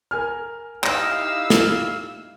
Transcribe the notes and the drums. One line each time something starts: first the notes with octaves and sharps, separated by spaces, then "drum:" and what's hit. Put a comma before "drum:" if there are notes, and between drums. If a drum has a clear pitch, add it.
A#4 G#5 F6
D#4 E4 G4 F5 E6 G6 A#6, drum: clap
drum: snare